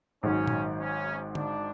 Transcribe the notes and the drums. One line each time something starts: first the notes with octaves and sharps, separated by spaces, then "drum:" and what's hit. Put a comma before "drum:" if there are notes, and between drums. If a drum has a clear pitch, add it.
G#1 G#2 D#3 F#3 C#4
drum: tom A#2
C#4
D4, drum: tom D3